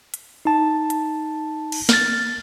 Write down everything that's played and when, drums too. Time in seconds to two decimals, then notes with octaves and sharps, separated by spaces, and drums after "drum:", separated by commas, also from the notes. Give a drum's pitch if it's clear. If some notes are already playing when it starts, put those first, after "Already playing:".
0.14 drum: hi-hat
0.45 D#4 A5
0.90 drum: hi-hat
1.72 drum: cymbal
1.89 F6 A6, drum: snare